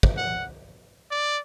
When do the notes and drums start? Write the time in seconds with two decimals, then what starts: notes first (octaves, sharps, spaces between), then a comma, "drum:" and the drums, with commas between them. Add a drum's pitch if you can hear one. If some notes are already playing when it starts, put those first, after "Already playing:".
0.03 drum: kick
0.17 F#5
1.11 D5